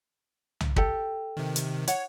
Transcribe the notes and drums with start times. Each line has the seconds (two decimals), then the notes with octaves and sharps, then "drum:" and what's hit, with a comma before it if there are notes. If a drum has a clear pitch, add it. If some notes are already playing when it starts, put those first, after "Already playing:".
0.61 drum: tom C2
0.76 G4 A4 G5, drum: kick
1.37 C3 D#3
1.56 drum: hi-hat
1.88 C#5 F#5, drum: hi-hat